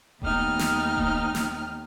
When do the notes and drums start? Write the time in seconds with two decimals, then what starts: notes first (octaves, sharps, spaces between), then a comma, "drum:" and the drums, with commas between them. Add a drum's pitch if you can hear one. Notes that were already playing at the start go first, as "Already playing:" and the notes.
0.22 D#2 A3 B3 D#4 G5 F6, drum: kick D#1
0.59 drum: snare
0.97 drum: kick D#1
1.35 drum: snare